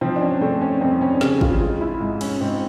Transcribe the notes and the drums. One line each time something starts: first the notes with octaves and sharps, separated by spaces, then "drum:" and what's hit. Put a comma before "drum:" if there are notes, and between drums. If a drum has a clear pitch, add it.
F3 C4
D4
C#4
A3 C4
C#4
F2 C4
C#4
C#3 G4, drum: snare
F4, drum: kick
G#3 F4
E4
G#2
C#4, drum: cymbal
G#2 C4